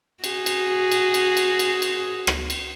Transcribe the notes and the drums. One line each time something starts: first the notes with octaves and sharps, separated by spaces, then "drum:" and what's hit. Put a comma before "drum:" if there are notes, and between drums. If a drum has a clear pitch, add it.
F#4 G#4, drum: cymbal
drum: cymbal
drum: cymbal
drum: cymbal
drum: cymbal
drum: cymbal
drum: cymbal
drum: rim click
drum: cymbal